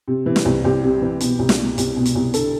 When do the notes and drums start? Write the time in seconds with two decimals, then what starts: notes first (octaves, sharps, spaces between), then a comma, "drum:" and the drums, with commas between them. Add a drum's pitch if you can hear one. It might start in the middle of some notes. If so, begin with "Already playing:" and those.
0.08 C3
0.26 E3
0.36 drum: snare
0.45 C2
0.64 C2 G4
0.83 C3
1.02 E3
1.20 B2, drum: hi-hat
1.39 C2
1.49 drum: snare
1.58 B2
1.78 C2, drum: hi-hat
1.96 B2
2.06 drum: hi-hat
2.15 C2
2.34 D3 A4, drum: hi-hat